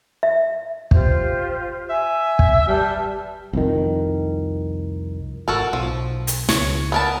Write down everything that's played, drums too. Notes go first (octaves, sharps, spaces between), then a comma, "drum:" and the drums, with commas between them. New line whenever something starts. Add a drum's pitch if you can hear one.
E5
F4 G4 C5, drum: kick
E5 G#5
drum: kick
G3 B4 A5 F6
C2 F2 D#3
G#1 F#4 A4 A#4
B1 F3
drum: hi-hat
C#2 C#5, drum: snare
B3 A#4 A5